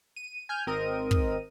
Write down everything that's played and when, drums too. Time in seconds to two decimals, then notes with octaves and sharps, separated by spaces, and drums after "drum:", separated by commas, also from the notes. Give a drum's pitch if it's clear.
0.16 D#7
0.49 G#5 F6 G6
0.67 G#1 C4 A#4 D#5 D#7
1.11 drum: kick